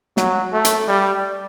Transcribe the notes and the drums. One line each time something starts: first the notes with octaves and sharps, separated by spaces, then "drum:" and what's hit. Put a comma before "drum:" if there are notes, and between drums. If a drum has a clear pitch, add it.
F#3, drum: snare
A3
drum: hi-hat
G3